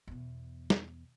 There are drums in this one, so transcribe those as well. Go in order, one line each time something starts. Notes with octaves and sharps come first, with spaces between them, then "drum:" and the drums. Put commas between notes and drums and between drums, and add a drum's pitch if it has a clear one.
E2 B2
drum: snare